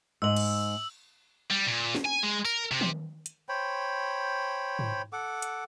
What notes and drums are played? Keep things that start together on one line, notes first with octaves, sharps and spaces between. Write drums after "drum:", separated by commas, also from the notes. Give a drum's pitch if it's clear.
G#2 D#5 E6 F#7
drum: cymbal
G3
A#2
drum: snare
G#5
G#3
A#4, drum: tambourine
C3
drum: tom D#3
drum: hi-hat
C5 C#5 G5 B5
drum: tom G#2
A4 F#5 D6
drum: hi-hat